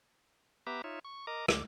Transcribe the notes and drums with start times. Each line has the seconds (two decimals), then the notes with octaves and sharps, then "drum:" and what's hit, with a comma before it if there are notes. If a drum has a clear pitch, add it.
0.67 B3 G4 B4 E5 A#5 D6
0.84 D#4 F4 C#5 E5
1.05 C#6
1.27 A#4 D#5 A#5 D6
1.48 D2 D3 D6, drum: rim click